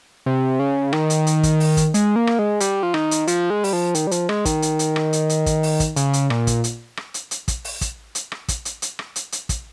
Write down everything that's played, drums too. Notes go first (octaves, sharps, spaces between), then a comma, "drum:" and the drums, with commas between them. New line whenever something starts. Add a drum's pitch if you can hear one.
C3
C#3
D#3, drum: rim click
drum: hi-hat
drum: hi-hat
drum: kick, hi-hat
drum: open hi-hat
drum: kick, hi-hat
G#3, drum: hi-hat
A#3
drum: rim click
G#3
G3, drum: hi-hat
F3
D#3, drum: rim click
drum: hi-hat
F3, drum: hi-hat
G#3
G3, drum: open hi-hat
F3
D#3, drum: hi-hat
G3
F3, drum: hi-hat
G#3, drum: rim click
D#3, drum: kick, hi-hat
drum: hi-hat
drum: hi-hat
drum: rim click
drum: hi-hat
drum: hi-hat
drum: kick, hi-hat
drum: open hi-hat
drum: kick, hi-hat
C#3, drum: hi-hat
drum: hi-hat
A#2, drum: rim click
drum: kick, hi-hat
drum: hi-hat
drum: rim click
drum: hi-hat
drum: hi-hat
drum: kick, hi-hat
drum: open hi-hat
drum: kick, hi-hat
drum: hi-hat
drum: rim click
drum: kick, hi-hat
drum: hi-hat
drum: hi-hat
drum: rim click
drum: hi-hat
drum: hi-hat
drum: kick, hi-hat